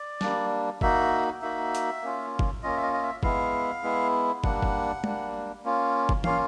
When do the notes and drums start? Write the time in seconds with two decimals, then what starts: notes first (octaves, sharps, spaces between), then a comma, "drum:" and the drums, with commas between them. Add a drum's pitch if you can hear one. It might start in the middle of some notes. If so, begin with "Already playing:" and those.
Already playing: D5
0.21 G3 A#3 D4, drum: snare
0.81 A#3 D#4 F#4 E5, drum: kick
1.42 A#3 D#4 F#4 E5
1.75 drum: hi-hat
2.02 A#3 C#4 F4
2.39 drum: kick
2.63 A#3 C#4 F4 D#5
2.77 E5
2.82 D#5
2.93 D#5
3.02 E5
3.23 G#3 B3 E4 F5, drum: kick
3.83 G#3 B3 E4
4.44 G3 A#3 D4 F#5, drum: kick
4.63 drum: kick
5.04 G3 A#3 D4, drum: tom G#3
5.64 A#3 C#4 F4
6.09 drum: kick
6.24 A#3 C#4 F4 F5, drum: tom E3